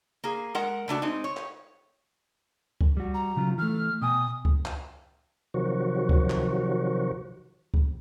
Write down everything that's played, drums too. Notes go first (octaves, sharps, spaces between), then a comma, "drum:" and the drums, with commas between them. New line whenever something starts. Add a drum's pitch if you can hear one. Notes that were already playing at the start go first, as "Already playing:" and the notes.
A#3 G#4
G#3 A#4 F#5
C#3 A3 D4 F#4
G#3 C4 D#4
C#5
drum: clap
drum: kick C#2
G3 F#4
A#5
C#3 F#3 F4
E3 A3 F6
B2 G5 G#5 D#6
drum: kick C#2
drum: clap
C3 D#3 F3 F#3 F#4
drum: kick C#2
drum: clap
drum: kick C#2